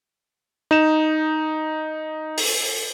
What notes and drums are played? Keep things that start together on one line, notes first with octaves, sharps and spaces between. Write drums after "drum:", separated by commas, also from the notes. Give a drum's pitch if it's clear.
D#4 E7
drum: open hi-hat